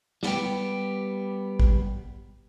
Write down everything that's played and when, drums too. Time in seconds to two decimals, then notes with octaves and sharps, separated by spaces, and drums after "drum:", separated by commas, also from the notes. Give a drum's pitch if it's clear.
0.23 G3 B3 G4, drum: snare
1.60 drum: kick